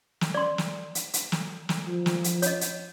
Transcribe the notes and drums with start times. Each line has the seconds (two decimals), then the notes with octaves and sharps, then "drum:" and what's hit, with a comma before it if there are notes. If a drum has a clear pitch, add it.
0.21 drum: snare
0.34 D5 C6
0.58 drum: snare
0.95 drum: hi-hat
1.14 drum: hi-hat
1.32 drum: snare
1.69 drum: snare
1.87 F3
2.06 drum: snare
2.24 drum: hi-hat
2.42 C#5 D#5, drum: hi-hat
2.61 drum: hi-hat